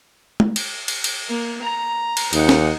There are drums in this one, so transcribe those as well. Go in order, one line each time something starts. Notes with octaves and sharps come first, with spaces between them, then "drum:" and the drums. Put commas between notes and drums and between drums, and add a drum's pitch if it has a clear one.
drum: tom
drum: cymbal
drum: cymbal
drum: cymbal
A#3
A#5
drum: cymbal
D#2 D#4 F#5, drum: cymbal
drum: snare